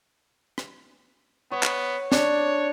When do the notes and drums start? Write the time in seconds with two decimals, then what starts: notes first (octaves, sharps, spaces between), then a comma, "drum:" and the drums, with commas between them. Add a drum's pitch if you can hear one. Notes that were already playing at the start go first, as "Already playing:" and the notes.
0.58 drum: rim click
1.51 B3 C#5
1.63 drum: clap
2.12 D4 C#5, drum: snare